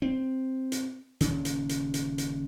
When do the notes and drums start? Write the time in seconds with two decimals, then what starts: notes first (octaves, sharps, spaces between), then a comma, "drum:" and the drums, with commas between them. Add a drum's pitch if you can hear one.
0.02 C4
0.72 drum: hi-hat
1.21 D#1 C#3, drum: hi-hat
1.45 drum: hi-hat
1.69 drum: hi-hat
1.94 drum: hi-hat
2.18 drum: hi-hat